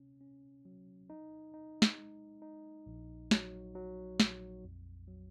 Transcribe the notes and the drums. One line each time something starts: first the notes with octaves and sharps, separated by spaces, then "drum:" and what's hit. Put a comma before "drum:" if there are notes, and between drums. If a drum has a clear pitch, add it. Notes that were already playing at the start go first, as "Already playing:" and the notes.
Already playing: C3 C#4
C#4
F#3
D#4
D#4
drum: snare
G#3
D#4
A#1
F#3, drum: snare
F#3
A#1, drum: snare
F2
F#3